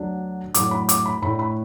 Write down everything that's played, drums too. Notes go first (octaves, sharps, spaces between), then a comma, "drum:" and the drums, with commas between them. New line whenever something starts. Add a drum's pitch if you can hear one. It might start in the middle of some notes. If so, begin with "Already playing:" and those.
Already playing: D2 D3 F#3 D4
A2 F#3 A3 D4 D6, drum: hi-hat
B5
D6, drum: hi-hat
B5
A2 A3 D4 B5
B5